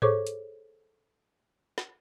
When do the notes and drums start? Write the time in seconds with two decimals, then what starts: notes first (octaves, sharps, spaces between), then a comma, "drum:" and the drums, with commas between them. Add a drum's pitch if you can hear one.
0.02 G#4 A4 C5 C#5 C#6 D6, drum: tom G#2
0.27 drum: hi-hat
1.78 drum: snare